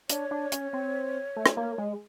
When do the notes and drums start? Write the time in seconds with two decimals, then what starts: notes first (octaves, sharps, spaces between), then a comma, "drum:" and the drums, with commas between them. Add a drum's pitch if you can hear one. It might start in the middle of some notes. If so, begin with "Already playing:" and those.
0.10 D4 C#5, drum: hi-hat
0.31 D4
0.52 C#4, drum: hi-hat
0.73 C4
1.36 A3
1.46 drum: rim click
1.57 A#3
1.78 G#3